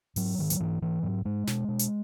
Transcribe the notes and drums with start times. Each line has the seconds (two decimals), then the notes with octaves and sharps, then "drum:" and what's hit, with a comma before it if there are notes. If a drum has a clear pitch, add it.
0.16 G#2 F#3, drum: open hi-hat
0.39 G#2 D#3
0.50 F#3, drum: hi-hat
0.60 G#2 E3
0.82 G#2 E3
1.03 G#2 F#3
1.25 G#2 G#3
1.47 B2, drum: snare
1.68 B2
1.79 drum: hi-hat